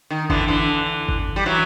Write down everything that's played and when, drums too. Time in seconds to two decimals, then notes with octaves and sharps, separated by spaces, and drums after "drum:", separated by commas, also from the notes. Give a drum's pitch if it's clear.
0.10 D#3
0.30 D3 E3, drum: kick G1
0.48 D3 E3
1.09 drum: kick G1
1.36 G3
1.46 E3 F#3